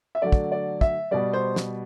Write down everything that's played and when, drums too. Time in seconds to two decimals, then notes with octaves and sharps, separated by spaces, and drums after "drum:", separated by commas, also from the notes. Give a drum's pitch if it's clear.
0.15 E5
0.22 D3 F#3 A3 D5
0.32 drum: kick
0.52 D5
0.81 E5, drum: kick
1.11 B2 G3 D5
1.33 C5
1.56 drum: snare